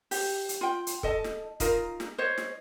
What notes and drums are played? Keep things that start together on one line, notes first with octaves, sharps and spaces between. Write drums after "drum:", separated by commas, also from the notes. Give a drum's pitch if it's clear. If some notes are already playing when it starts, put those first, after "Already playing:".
G4, drum: open hi-hat
drum: hi-hat
F4 G5
drum: hi-hat
A4 D#5 A5, drum: kick
drum: snare
D#4 F4 A#4, drum: kick, hi-hat
drum: snare
C5 C#5 D#5
drum: snare